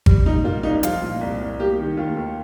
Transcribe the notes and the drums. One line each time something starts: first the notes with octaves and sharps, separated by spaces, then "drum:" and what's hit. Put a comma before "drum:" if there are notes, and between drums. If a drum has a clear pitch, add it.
G3, drum: kick G#1
A#2 D#4
A#3 F4
C2 D#4
F3 F4, drum: hi-hat
A#2
C2
C2
A#3 G4
D#3
D#2 F4
D#2